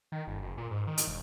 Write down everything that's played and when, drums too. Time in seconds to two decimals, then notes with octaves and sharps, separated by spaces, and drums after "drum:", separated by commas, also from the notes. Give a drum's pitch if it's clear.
0.12 D#3
0.27 G1
0.42 F#1
0.58 A#2
0.71 G#2
0.87 D#3
0.98 drum: hi-hat
1.07 E1